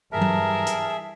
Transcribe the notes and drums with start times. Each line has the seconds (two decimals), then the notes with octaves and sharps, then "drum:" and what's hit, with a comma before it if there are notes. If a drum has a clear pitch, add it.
0.12 G2 E3 G3 G#4 A#4 E5 A5
0.21 drum: tom F#3
0.67 drum: hi-hat